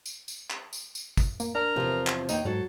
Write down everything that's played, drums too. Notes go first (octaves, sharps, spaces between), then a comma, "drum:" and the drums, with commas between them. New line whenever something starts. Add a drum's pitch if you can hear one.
drum: tambourine
drum: tambourine
drum: clap
drum: tambourine
drum: tambourine
drum: kick, tambourine
A#3, drum: tambourine
D4 A#4
E2 C3 F3
drum: clap
D#2 D#4 G5, drum: tambourine
G#2 F#3 A4